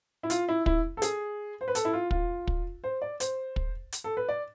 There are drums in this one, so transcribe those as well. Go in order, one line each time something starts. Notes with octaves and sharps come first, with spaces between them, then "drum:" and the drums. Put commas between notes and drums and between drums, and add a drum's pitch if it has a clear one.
E4
F4, drum: hi-hat
E4
E4, drum: kick
A4
G#4, drum: hi-hat
C5
B4
A4, drum: hi-hat
E4
F4
F4, drum: kick
drum: kick
C5
D5
C5, drum: hi-hat
drum: kick
drum: hi-hat
A4
B4
D5